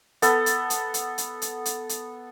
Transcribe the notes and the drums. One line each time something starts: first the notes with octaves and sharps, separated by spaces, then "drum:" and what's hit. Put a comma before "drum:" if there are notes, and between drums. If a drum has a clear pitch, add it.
B3 A4, drum: hi-hat
drum: hi-hat
drum: hi-hat
drum: hi-hat
drum: hi-hat
drum: hi-hat
drum: hi-hat
drum: hi-hat